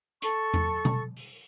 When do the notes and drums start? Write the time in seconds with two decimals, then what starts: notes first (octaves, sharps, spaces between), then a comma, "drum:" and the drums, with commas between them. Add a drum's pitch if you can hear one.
0.22 A4 C#6, drum: hi-hat
0.54 drum: tom E2
0.85 drum: tom B2
1.17 drum: open hi-hat